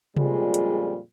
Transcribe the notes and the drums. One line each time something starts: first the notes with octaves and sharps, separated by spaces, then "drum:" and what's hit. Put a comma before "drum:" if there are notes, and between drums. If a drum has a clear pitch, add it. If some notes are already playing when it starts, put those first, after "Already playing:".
F2 A#2 C#3 G3 G#3 F4, drum: tom C3
drum: hi-hat